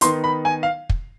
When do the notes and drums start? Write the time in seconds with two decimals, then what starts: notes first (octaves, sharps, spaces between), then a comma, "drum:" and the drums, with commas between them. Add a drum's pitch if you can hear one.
0.01 D#3 B3 D#4 C6, drum: hi-hat
0.24 B5
0.45 G#5
0.63 F5
0.90 drum: kick